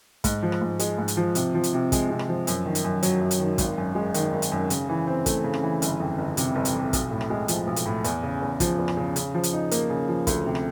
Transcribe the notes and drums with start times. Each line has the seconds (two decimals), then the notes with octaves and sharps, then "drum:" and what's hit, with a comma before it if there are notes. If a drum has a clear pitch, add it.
0.24 G#2, drum: kick, hi-hat
0.42 F3
0.52 drum: rim click
0.61 G#2
0.79 G#3, drum: hi-hat
0.98 G#2
1.08 drum: hi-hat
1.17 F3
1.35 C3, drum: hi-hat
1.54 F3
1.64 drum: hi-hat
1.73 C3
1.92 G#3, drum: kick, hi-hat
2.10 C3
2.19 drum: rim click
2.29 F3
2.47 F#2, drum: hi-hat
2.66 D#3
2.75 drum: hi-hat
2.84 F#2
3.03 F#3, drum: hi-hat
3.21 F#2
3.31 drum: hi-hat
3.40 D#3
3.58 G#1, drum: kick, hi-hat
3.78 F#2
3.95 G#3
4.14 D#3, drum: hi-hat
4.33 G#1
4.42 drum: hi-hat
4.52 F#2
4.70 C#3, drum: hi-hat
4.89 E3
5.07 C4
5.26 A3, drum: kick, hi-hat
5.44 C#3
5.53 drum: rim click
5.63 E3
5.82 G1, drum: hi-hat
6.00 F2
6.18 G1
6.37 C3, drum: hi-hat
6.55 G1
6.65 drum: hi-hat
6.74 F2
6.93 B1, drum: kick, hi-hat
7.11 A2
7.21 drum: rim click
7.30 G#3
7.48 F3, drum: hi-hat
7.67 B1
7.76 drum: hi-hat
7.85 A2
8.04 E2, drum: hi-hat
8.23 C#3
8.42 E2
8.60 F3, drum: kick, hi-hat
8.78 E2
8.88 drum: rim click
8.97 C#3
9.16 C#3, drum: hi-hat
9.34 F3
9.43 drum: hi-hat
9.53 D#4
9.71 A#3, drum: hi-hat
9.90 C#3
10.08 F3
10.27 D2, drum: kick, hi-hat
10.46 C3
10.55 drum: rim click